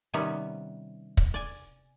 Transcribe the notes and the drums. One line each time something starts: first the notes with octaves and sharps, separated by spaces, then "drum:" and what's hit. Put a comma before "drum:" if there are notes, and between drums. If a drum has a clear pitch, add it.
C3 D#3 G3 B3 C#4
drum: kick
D5 G#5